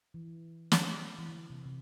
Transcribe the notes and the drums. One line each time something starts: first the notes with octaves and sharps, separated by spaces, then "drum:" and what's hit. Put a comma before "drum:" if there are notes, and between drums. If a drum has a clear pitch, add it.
E3
drum: snare
E3
D3
C3
C3